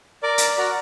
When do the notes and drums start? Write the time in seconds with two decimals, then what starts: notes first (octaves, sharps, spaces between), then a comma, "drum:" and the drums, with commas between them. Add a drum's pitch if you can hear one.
0.23 A#4 D5 D6
0.38 drum: hi-hat
0.58 F#4 A#4 D5 A#5